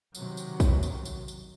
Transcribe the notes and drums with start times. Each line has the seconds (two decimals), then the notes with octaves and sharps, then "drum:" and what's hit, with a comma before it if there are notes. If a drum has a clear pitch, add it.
0.15 C3 D#3 F#3, drum: tambourine
0.37 drum: tambourine
0.60 drum: kick, tambourine
0.83 drum: tambourine
1.05 drum: tambourine
1.28 drum: tambourine